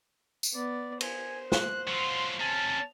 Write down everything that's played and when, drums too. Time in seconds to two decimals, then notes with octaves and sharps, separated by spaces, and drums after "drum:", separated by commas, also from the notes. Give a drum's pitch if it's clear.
0.43 drum: tambourine
0.54 B3 D5
1.01 C5 G#5, drum: cymbal
1.52 F#6, drum: snare
1.88 F#3 F4 C6
2.40 C3 C#4 A5